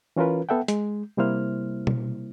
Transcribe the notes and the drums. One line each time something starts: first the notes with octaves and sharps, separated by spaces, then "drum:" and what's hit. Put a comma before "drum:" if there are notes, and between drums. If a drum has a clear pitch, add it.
E3 C#4 F4 A#4 B4
B3 A4 E5 F#5 G5
G#3, drum: hi-hat
C3 G3 A#3 E4 C5 F6
drum: tom B2